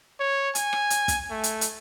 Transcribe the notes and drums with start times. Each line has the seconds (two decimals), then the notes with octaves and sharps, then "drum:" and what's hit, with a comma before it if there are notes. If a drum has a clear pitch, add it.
0.20 C#5
0.55 G#5, drum: hi-hat
0.73 drum: rim click
0.90 drum: hi-hat
1.08 drum: kick, hi-hat
1.30 A3
1.44 drum: hi-hat
1.61 drum: hi-hat